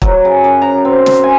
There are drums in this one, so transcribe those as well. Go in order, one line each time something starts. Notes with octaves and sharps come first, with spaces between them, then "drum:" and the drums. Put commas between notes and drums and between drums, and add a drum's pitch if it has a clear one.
F#3, drum: kick
C#3
F#2
A#5
C4
drum: snare
G#5